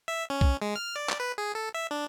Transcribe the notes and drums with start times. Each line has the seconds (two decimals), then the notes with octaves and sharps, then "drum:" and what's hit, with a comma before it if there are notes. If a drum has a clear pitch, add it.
0.08 E5
0.30 C#4
0.41 drum: kick
0.62 G#3
0.76 F6
0.96 D5
1.09 drum: clap
1.20 B4
1.38 G#4
1.55 A4
1.74 E5
1.91 D4